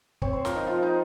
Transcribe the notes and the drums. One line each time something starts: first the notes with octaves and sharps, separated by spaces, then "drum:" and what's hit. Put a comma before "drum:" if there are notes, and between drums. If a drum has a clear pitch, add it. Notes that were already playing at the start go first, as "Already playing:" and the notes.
C4 C#5, drum: kick
C5
F3 A#4, drum: snare
D#4
F3 F4
D#4